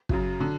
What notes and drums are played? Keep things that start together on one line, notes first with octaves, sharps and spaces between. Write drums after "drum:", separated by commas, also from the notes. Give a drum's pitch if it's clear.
F#2 C#3 F#3, drum: kick
D3 F#3